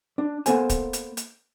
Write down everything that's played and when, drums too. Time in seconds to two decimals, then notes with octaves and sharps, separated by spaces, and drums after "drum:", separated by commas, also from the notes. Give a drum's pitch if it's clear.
0.18 D4
0.46 A#3 B3 A4 C5 G#5, drum: hi-hat
0.70 drum: kick D1, hi-hat
0.93 drum: hi-hat
1.17 drum: hi-hat